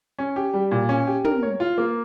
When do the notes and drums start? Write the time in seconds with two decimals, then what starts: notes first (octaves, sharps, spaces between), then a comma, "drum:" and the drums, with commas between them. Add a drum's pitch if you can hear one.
0.18 C#4
0.36 G4
0.54 G3
0.71 A#2
0.89 C#4
1.07 G4
1.25 A#4, drum: tom
1.43 C#5
1.60 F4
1.78 A#3